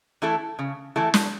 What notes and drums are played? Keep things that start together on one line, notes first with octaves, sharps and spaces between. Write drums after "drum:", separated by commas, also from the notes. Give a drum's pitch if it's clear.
E3 A3 E4 A4
C#3
E3 A3 E4 A4
drum: snare